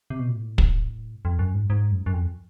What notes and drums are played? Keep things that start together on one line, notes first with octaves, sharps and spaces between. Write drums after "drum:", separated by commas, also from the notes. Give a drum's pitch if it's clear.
C3
B2
A#2
A2
drum: kick
F2
F#2
G#2
G#2
F#2
F#2
F2